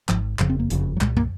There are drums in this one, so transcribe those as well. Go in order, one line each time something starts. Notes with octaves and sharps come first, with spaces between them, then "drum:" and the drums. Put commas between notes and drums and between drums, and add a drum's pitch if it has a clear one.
G#1 G#2 F3, drum: clap
F#1 F2 C#3 F3, drum: clap
C4
A#3
F#1 F2 C#3, drum: hi-hat
F#3
C2 A#2 G#3, drum: clap
A#3, drum: tom